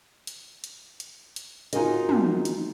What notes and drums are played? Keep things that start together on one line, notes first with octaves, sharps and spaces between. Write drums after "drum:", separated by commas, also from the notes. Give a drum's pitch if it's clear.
drum: hi-hat
drum: hi-hat
drum: hi-hat
drum: hi-hat
D#4 F4 F#4 G#4 A#4 D#5, drum: hi-hat
drum: tom
drum: hi-hat